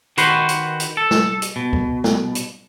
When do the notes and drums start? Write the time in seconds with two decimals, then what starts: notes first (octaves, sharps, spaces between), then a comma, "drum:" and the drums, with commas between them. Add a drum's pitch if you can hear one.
0.18 D#3 F#4 B4 C5, drum: hi-hat
0.49 drum: hi-hat
0.80 drum: hi-hat
0.97 A4
1.11 drum: snare
1.42 drum: hi-hat
1.56 B2
1.73 drum: kick C#2
2.04 drum: snare
2.35 drum: hi-hat